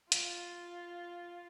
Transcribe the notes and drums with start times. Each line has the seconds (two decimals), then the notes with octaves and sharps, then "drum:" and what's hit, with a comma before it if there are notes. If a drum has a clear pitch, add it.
0.12 F4, drum: hi-hat